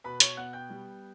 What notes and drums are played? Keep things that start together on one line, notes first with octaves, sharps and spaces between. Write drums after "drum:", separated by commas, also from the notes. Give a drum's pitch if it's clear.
B2 B4 B5
C#5 C#6, drum: hi-hat
B3 F#5 F#6
G5 G6
G3